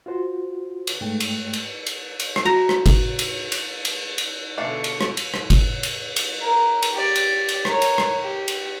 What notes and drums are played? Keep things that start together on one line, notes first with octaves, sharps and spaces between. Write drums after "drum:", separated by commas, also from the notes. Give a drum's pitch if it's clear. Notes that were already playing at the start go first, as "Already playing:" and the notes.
F4 F#4 C5
drum: cymbal
G#2 A3 G5
drum: cymbal
drum: cymbal
drum: cymbal
drum: cymbal
drum: rim click
F#4 A#5
drum: rim click
drum: kick G1, cymbal
drum: cymbal
drum: cymbal
drum: cymbal
drum: cymbal
B2 D3 D4 D5 E5 F5 G#5 C#6
drum: cymbal
drum: rim click
drum: cymbal
drum: rim click
drum: kick G1, cymbal
drum: cymbal
drum: cymbal
A#4
drum: cymbal
G4 D5
drum: cymbal
drum: cymbal
A#4 C#5, drum: rim click
drum: cymbal
drum: rim click
G4
drum: cymbal